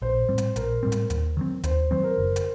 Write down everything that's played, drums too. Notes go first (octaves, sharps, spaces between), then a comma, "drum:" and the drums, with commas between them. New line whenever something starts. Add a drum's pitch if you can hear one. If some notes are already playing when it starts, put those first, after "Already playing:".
A#1 C5
A2 G3 C4
drum: hi-hat
A#1 A#4, drum: hi-hat
A2 G3 C4
drum: hi-hat
D#2, drum: hi-hat
D#3 F#3 C4
D#2 C5, drum: hi-hat
D#3 F#3 C4 C5
A#4
F#1
drum: hi-hat